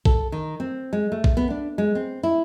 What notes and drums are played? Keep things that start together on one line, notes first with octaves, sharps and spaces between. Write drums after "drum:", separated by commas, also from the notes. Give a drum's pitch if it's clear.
A4, drum: kick A#1
D#3
C4
G#3
A3
drum: kick A#1
B3
D4
G#3
C4
E4